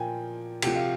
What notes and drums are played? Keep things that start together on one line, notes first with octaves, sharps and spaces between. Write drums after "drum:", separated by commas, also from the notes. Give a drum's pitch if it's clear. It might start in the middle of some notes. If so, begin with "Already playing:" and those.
Already playing: A#2 F3 G5 G#5
C3 F3 G5, drum: cymbal
F5